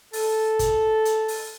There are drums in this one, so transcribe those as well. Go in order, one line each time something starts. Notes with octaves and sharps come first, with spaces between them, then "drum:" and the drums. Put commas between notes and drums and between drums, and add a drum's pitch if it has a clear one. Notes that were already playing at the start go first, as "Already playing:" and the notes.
A4, drum: open hi-hat
drum: kick, hi-hat
drum: hi-hat
drum: open hi-hat